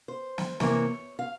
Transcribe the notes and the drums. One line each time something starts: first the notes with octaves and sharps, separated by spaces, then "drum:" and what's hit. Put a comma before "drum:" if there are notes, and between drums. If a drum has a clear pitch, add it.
C5
drum: snare
C3 E3 A#3 C#5, drum: snare
F5